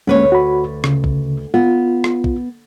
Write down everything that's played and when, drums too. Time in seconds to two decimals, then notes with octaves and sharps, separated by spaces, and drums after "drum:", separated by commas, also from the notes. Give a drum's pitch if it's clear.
0.07 D2 G#3 A#3 C#4 B4 C#5
0.32 F#4 B5
0.84 C#3, drum: rim click
1.04 drum: kick
1.54 B3 F4
2.04 drum: rim click
2.24 drum: kick